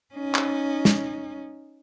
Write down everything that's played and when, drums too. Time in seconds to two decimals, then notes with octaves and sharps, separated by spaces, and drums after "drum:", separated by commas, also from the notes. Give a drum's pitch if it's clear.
0.15 C#4 D#4
0.35 drum: clap
0.85 drum: snare